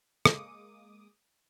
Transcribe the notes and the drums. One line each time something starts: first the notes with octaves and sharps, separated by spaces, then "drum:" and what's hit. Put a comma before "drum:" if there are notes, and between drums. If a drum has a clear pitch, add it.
G#3 A#3 D6 D#6, drum: rim click